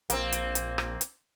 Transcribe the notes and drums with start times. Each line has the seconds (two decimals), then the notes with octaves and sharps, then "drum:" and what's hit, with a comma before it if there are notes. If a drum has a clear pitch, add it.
0.10 A#1 A#3 C4, drum: hi-hat
0.32 drum: hi-hat
0.55 drum: hi-hat
0.78 drum: rim click
1.01 drum: hi-hat